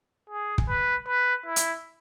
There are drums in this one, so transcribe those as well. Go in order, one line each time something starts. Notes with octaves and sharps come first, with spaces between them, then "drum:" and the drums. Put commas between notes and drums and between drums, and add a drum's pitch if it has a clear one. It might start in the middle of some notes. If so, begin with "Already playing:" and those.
G#4
drum: kick
B4
B4
E4
drum: hi-hat